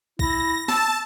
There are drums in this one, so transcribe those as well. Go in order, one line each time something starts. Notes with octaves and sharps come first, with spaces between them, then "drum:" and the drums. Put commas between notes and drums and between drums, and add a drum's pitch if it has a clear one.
E4 A#6, drum: kick
A5 E6, drum: snare